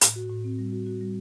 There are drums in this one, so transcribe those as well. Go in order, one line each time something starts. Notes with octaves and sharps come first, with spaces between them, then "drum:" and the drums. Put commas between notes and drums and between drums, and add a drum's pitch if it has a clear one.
A2, drum: hi-hat
F#4
A2
C4
G3
F#4
F#4
G3